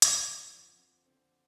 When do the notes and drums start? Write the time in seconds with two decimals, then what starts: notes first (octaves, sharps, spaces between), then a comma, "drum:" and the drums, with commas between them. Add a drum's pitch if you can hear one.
0.02 F2 C4, drum: hi-hat
0.13 D4
0.20 F3
0.25 C4
0.37 D3 D4
0.54 F2
0.71 F2 C4
0.89 F3
1.05 D3 C4